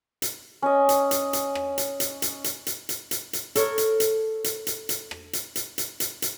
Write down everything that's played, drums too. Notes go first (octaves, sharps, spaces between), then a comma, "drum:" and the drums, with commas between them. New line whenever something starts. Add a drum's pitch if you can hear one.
drum: hi-hat
C#4 D#5
drum: hi-hat
drum: hi-hat
drum: hi-hat
drum: rim click
drum: hi-hat
drum: hi-hat
drum: hi-hat
drum: hi-hat
drum: hi-hat
drum: hi-hat
drum: hi-hat
drum: hi-hat
A4 A#4 C#5, drum: hi-hat
drum: hi-hat
drum: hi-hat
drum: hi-hat
drum: hi-hat
drum: hi-hat
drum: rim click
drum: hi-hat
drum: hi-hat
drum: hi-hat
drum: hi-hat
drum: hi-hat